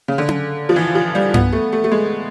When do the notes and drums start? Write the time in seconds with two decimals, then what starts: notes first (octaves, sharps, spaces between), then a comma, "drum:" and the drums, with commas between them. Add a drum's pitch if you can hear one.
0.08 C#3
0.18 D3
0.28 drum: tom C#4
0.69 F3
0.76 E3
0.95 F3
1.15 G3
1.34 B3, drum: tom G2
1.52 A3
1.73 A3
1.84 A3
1.92 G#3